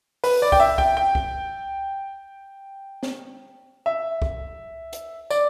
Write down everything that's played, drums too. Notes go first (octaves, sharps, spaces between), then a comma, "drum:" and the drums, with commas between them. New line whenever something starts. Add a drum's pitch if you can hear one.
B4, drum: open hi-hat
D5
G5, drum: kick
E5
G5, drum: kick
G5
drum: kick
drum: snare
E5
drum: kick
drum: hi-hat
D5, drum: tambourine